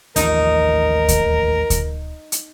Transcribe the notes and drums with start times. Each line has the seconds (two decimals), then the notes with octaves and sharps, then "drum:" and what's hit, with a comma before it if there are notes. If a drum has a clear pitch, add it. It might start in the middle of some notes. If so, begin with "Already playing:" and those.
0.16 A1 D#2 F3 D#4 A#4, drum: hi-hat
1.08 drum: kick D2, hi-hat
1.70 drum: kick D2, hi-hat
2.32 drum: hi-hat